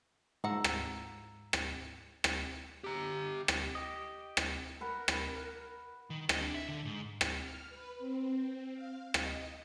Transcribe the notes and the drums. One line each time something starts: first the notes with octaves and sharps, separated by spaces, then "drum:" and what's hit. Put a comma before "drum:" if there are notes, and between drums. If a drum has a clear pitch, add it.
G#2 F3 F#5 A#5 E6
drum: rim click
drum: rim click
drum: rim click
G4 A#5
drum: rim click
G4 D#5
drum: rim click
A#4 B4 F#5 B5
drum: rim click
D#3
D#5, drum: rim click
D4
E5
D3
G#2
drum: rim click
F6
B4
C4
F5
D#5, drum: rim click